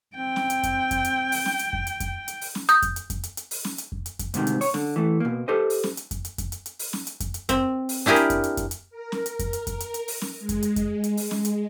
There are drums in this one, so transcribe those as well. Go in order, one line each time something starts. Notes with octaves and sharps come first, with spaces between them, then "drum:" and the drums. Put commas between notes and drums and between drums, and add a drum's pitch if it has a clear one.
C4 G5
drum: snare
drum: hi-hat
drum: kick F2, hi-hat
drum: kick F2, hi-hat
drum: hi-hat
drum: open hi-hat
drum: snare
drum: hi-hat
drum: kick F2
drum: hi-hat
drum: kick F2, hi-hat
drum: hi-hat
drum: open hi-hat
drum: snare
D#6 G6, drum: hi-hat
drum: kick F2, hi-hat
drum: hi-hat
drum: kick F2, hi-hat
drum: hi-hat
drum: hi-hat
drum: open hi-hat
drum: snare
drum: hi-hat
drum: kick F2
drum: hi-hat
drum: kick F2, hi-hat
D2 G#2 C3 D#3, drum: hi-hat
drum: hi-hat
C#5, drum: open hi-hat
D3, drum: snare
E3 A3
B2 A#3
G4 A4 C5 D#5
drum: open hi-hat
drum: snare
drum: hi-hat
drum: kick F2, hi-hat
drum: hi-hat
drum: kick F2, hi-hat
drum: hi-hat
drum: hi-hat
drum: open hi-hat
drum: snare
drum: hi-hat
drum: kick F2, hi-hat
drum: hi-hat
C4, drum: kick F2, hi-hat
drum: open hi-hat
D4 E4 G4 G#4 A#4
drum: hi-hat
drum: kick F2, hi-hat
drum: hi-hat
drum: kick F2, hi-hat
drum: hi-hat
A#4
drum: snare
drum: hi-hat
drum: kick F2, hi-hat
drum: hi-hat
drum: kick F2, hi-hat
drum: hi-hat
drum: hi-hat
drum: open hi-hat
drum: snare
G#3
drum: kick F2, hi-hat
drum: hi-hat
drum: kick F2, hi-hat
drum: hi-hat
drum: open hi-hat
drum: snare
drum: hi-hat